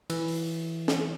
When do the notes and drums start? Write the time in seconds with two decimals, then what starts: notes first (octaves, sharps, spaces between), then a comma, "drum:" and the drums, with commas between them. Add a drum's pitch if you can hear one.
0.10 E3, drum: cymbal
0.28 drum: open hi-hat
0.88 drum: snare